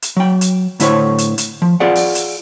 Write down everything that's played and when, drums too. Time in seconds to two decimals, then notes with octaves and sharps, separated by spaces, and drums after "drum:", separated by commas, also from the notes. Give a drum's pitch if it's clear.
0.02 drum: hi-hat
0.17 F#3 G5
0.41 drum: hi-hat
0.80 A2 D3 E4 C5 C#5, drum: hi-hat
1.18 drum: hi-hat
1.38 drum: hi-hat
1.62 F3
1.80 F4 G#4 D5 F#5
1.96 drum: open hi-hat
2.15 drum: hi-hat